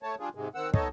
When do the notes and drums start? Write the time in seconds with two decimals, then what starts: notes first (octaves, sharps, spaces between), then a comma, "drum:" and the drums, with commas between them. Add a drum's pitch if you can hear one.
0.03 A3 C#5 A5
0.20 G3 D4 F4 G#4
0.35 G#2 C3 G#3
0.55 D#3 C4 F#5 E6
0.74 B3 D#4 A4 C#5 D#5 A5, drum: kick